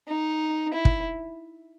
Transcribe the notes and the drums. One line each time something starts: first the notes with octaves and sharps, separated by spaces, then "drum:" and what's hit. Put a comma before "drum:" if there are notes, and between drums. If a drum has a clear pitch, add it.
D#4
E4
drum: kick